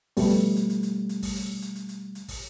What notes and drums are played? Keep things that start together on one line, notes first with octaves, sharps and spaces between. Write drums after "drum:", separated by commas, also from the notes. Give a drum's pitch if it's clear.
F2 B2 G3 A3, drum: kick, open hi-hat
drum: hi-hat
drum: hi-hat
drum: hi-hat
drum: hi-hat
drum: hi-hat
drum: kick, open hi-hat
drum: hi-hat
drum: hi-hat
drum: hi-hat
drum: hi-hat
drum: hi-hat
drum: kick, open hi-hat